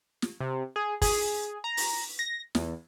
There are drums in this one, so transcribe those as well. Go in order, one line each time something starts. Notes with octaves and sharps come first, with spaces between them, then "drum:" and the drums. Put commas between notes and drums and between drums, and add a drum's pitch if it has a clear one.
drum: snare
C3
G#4
G#4, drum: kick, open hi-hat
A#5
drum: open hi-hat
A#6
E2, drum: snare